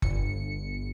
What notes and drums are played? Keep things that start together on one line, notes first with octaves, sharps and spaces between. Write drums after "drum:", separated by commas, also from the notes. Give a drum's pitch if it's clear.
G1 C#7, drum: kick F#1